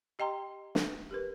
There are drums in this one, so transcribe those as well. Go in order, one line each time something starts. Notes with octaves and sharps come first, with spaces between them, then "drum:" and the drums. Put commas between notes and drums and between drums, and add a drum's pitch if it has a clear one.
G4 D#5 G5 A#5 C6
drum: snare
G4 A#4 B4